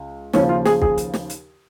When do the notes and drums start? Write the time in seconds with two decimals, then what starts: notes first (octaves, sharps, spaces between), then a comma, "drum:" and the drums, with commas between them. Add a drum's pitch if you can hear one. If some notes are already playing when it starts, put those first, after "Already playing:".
Already playing: C#2
0.33 D#2 C#3 F3 C#4, drum: snare
0.49 F4
0.65 G#4, drum: snare
0.82 G#4, drum: kick
0.98 drum: hi-hat
1.14 drum: snare
1.30 drum: hi-hat